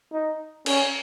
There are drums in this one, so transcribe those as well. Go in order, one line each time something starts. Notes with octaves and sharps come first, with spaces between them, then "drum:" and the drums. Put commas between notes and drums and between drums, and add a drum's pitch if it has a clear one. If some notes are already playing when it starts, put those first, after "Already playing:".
D#4
C#4, drum: cymbal